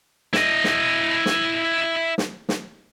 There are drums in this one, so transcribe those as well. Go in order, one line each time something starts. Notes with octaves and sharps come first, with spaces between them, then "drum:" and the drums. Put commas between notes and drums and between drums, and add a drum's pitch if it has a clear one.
E4 D#5, drum: snare
drum: snare
drum: snare
drum: snare
drum: snare